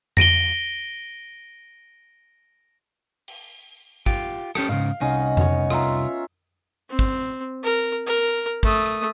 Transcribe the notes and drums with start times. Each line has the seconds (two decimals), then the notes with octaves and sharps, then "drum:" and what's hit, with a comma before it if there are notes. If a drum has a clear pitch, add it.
0.17 A#6 D7 D#7 G7, drum: tom F2
3.28 drum: open hi-hat
4.06 F4 G4, drum: kick G#1
4.55 C#4 G4 A4, drum: rim click
4.69 G#2 C#3 F5
5.01 C2 C#4 D#4 D#5 F#5
5.37 B3 C#5, drum: tom F2
5.70 F4 E5 A#5, drum: rim click
6.89 C4
6.99 drum: kick G#1
7.63 A#4
8.06 A#4
8.63 A3 D#6, drum: kick G#1